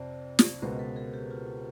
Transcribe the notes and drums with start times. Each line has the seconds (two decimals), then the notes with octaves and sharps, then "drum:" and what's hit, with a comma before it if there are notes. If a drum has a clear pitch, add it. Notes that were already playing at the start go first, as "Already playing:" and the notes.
Already playing: F2 C3 C5 D5
0.39 drum: snare
0.62 C#2 B2 G#3 B3 A#4 C5
0.79 A4 B4
0.96 G#4 A#4
1.13 G4 A4
1.30 F4 G4
1.47 F4